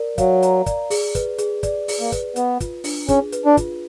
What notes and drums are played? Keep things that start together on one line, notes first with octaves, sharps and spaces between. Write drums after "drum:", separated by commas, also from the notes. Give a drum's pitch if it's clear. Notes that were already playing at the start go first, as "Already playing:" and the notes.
Already playing: A#4 D5
F#3 F5, drum: kick, hi-hat
A#5, drum: hi-hat
D5, drum: kick, hi-hat
G#4, drum: open hi-hat
B4, drum: kick, hi-hat
G#4, drum: hi-hat
D5, drum: kick, hi-hat
G#4, drum: open hi-hat
A#3
B4, drum: kick, hi-hat
B3 B4, drum: hi-hat
F4, drum: kick, hi-hat
D4, drum: open hi-hat
C#4 G#4, drum: kick, hi-hat
B4, drum: hi-hat
D4
F4, drum: kick, hi-hat